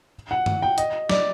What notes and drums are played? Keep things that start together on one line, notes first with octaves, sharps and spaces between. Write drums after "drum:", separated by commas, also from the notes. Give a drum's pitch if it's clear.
F#5
drum: tom G2
G5
D#5, drum: hi-hat
D5, drum: snare